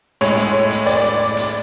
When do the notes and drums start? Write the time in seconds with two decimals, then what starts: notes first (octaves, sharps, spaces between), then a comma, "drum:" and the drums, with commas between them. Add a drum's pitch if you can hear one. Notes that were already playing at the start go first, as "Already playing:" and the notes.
0.21 A2 G#3 C#5, drum: hi-hat
0.37 drum: hi-hat
0.71 drum: hi-hat
0.86 D5, drum: hi-hat
1.04 drum: hi-hat
1.20 drum: open hi-hat
1.37 drum: hi-hat